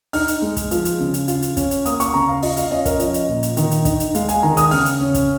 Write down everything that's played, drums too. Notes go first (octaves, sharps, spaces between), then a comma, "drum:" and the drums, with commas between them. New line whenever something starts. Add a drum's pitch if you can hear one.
D#4 F6, drum: open hi-hat
drum: hi-hat
G#3
drum: kick, hi-hat
F3, drum: hi-hat
drum: hi-hat
C#3
drum: hi-hat
F4, drum: hi-hat
drum: hi-hat
C#4, drum: kick, hi-hat
drum: hi-hat
A#3 D#6, drum: hi-hat
C#6, drum: hi-hat
C#3 A#5
F5
F4 D#5, drum: open hi-hat
F5, drum: hi-hat
C#4 D#5
A#4, drum: kick, hi-hat
F3 D#5, drum: hi-hat
drum: hi-hat
A#2
drum: hi-hat
D#3, drum: hi-hat
drum: hi-hat
D#4, drum: kick, hi-hat
drum: hi-hat
G#3 F5, drum: hi-hat
G#5, drum: hi-hat
D#3 A#5
D#6, drum: hi-hat
C#3 F6, drum: open hi-hat
drum: hi-hat
C#4
drum: kick, hi-hat